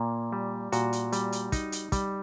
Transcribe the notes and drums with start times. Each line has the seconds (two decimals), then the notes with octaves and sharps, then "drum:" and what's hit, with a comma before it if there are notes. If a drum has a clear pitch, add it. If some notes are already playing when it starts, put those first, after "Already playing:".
Already playing: A#2 A#3
0.33 G3
0.72 A#2 F#4, drum: hi-hat
0.93 drum: hi-hat
1.12 G3, drum: hi-hat
1.32 drum: hi-hat
1.52 D#4, drum: kick, hi-hat
1.72 drum: hi-hat
1.92 G3, drum: kick, hi-hat